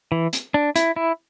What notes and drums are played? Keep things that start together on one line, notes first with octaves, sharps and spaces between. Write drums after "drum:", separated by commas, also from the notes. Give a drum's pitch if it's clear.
E3
drum: hi-hat
D4
E4, drum: hi-hat
E4